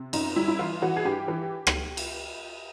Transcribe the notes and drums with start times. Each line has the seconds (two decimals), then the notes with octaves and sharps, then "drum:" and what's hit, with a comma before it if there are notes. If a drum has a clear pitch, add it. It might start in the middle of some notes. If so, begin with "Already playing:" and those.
Already playing: C3
0.13 F#2 D#4, drum: cymbal
0.36 G3 E4
0.48 E4
0.59 E3 F4
0.82 E3 F#4
0.96 G#4
1.05 G2 G4
1.28 E3
1.67 drum: rim click
1.97 drum: cymbal